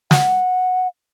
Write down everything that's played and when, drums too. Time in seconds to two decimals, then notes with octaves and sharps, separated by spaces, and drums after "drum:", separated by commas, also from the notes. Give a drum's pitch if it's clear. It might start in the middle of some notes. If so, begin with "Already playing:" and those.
0.11 F#5, drum: snare